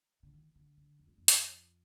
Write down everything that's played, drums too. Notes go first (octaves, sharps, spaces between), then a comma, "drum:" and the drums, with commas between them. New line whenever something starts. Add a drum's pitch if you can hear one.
D3
D#3
D3
D3
F2
G2
F2
drum: hi-hat